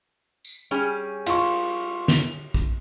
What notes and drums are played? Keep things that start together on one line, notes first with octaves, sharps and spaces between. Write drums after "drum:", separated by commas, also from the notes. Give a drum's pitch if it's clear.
drum: tambourine
G3 C#4 G#4
F4 C#6, drum: cymbal
F7, drum: snare
drum: kick A#1